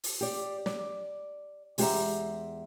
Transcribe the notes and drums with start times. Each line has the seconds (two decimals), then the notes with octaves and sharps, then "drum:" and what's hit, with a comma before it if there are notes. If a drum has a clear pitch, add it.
0.04 drum: open hi-hat
0.21 G4 D5
0.66 D5, drum: snare
1.78 E2 G#3 G4 A4 E5 A#5, drum: open hi-hat